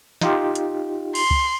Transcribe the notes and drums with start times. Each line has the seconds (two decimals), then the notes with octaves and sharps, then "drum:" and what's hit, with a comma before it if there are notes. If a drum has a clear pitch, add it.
0.21 D#4 F4 G4, drum: snare
0.55 drum: hi-hat
1.15 C6, drum: cymbal
1.31 drum: kick